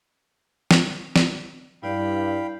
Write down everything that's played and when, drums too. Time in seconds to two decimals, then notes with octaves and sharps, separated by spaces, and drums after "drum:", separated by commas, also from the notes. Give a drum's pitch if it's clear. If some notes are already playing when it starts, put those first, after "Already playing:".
0.71 drum: snare
1.16 drum: snare
1.83 G2 E4 D5 F5 G5 B5